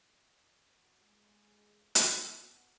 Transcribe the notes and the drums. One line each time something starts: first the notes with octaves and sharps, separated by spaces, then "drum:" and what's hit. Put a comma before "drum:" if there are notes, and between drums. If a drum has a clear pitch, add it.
F#4
G#3
drum: hi-hat
B3